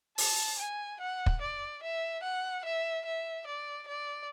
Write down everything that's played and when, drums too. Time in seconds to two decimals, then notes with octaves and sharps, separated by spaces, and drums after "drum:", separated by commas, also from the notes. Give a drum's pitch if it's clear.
0.18 A5, drum: open hi-hat
0.59 G#5
1.00 F#5
1.26 drum: kick
1.41 D5
1.83 E5
2.23 F#5
2.65 E5
3.05 E5
3.47 D5
3.87 D5